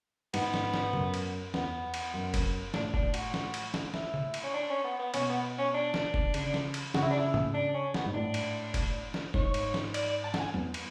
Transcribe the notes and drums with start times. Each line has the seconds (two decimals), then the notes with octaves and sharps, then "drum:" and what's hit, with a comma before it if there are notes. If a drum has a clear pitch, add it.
0.34 G#2 B3, drum: cymbal
0.54 drum: snare
0.74 drum: snare
0.93 F#2, drum: tom C#3
1.14 drum: cymbal
1.54 E2 B3, drum: snare
1.94 drum: cymbal
2.14 F#2
2.34 drum: kick F1, cymbal
2.74 A2 D4, drum: snare
2.94 D4, drum: kick F1
3.14 F#4, drum: cymbal
3.34 drum: snare
3.54 drum: cymbal
3.74 drum: snare
3.94 E4, drum: snare
4.14 drum: tom C#3
4.34 drum: cymbal
4.44 C#4
4.54 D4
4.69 C#4
4.84 B3
4.99 B3
5.14 B2 C#4, drum: cymbal
5.29 B3
5.58 C#4
5.74 D4
5.94 drum: snare
6.14 drum: kick F1
6.34 C#3, drum: cymbal
6.54 drum: snare
6.74 drum: cymbal
6.94 C#3 F#4, drum: snare
7.02 E4
7.11 D4
7.19 E4
7.34 drum: tom G#2
7.54 D4
7.74 C#4
7.94 B3, drum: snare
8.06 G#2
8.14 A2 D4
8.34 drum: cymbal
8.74 drum: kick F1, cymbal
9.14 drum: snare
9.34 G#2 C#5, drum: kick F1
9.54 drum: cymbal
9.74 drum: snare
9.94 D5, drum: cymbal
10.09 D5
10.24 A5
10.34 F#5, drum: snare
10.40 G#5
10.54 E2, drum: tom
10.74 drum: cymbal